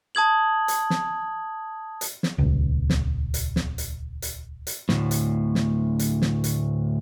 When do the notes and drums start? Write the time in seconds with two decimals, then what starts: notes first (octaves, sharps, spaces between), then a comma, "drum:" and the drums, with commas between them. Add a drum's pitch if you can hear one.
0.15 A5 D#6 G#6 F#7
0.68 drum: hi-hat
0.90 drum: snare
2.01 drum: hi-hat
2.23 drum: snare
2.38 D#1 C#2
2.90 drum: snare
3.34 drum: hi-hat
3.56 drum: snare
3.78 drum: hi-hat
4.22 drum: hi-hat
4.67 drum: hi-hat
4.89 D2 A2, drum: snare
5.11 drum: hi-hat
5.55 drum: snare
5.99 drum: hi-hat
6.22 drum: snare
6.44 drum: hi-hat